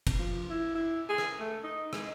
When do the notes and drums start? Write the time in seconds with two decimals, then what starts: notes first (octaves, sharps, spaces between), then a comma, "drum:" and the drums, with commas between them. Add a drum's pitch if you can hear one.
0.07 drum: kick, cymbal
0.19 F3
0.50 E4
0.75 E4
1.09 G#4
1.18 drum: rim click
1.40 A3
1.63 D#4
1.93 G#3, drum: rim click